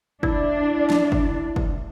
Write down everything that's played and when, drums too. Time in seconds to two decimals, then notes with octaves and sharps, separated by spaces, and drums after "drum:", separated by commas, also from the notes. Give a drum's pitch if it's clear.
0.23 D4 E4, drum: kick
0.90 drum: snare
1.12 drum: kick
1.56 drum: kick